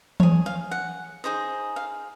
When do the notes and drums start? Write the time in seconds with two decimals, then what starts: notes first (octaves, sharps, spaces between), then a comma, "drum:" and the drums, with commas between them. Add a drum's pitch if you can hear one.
0.20 G#4 C#5, drum: tom E3
0.46 F5
0.71 F#5
1.24 D#4 G#4 C5 D#5
1.76 F5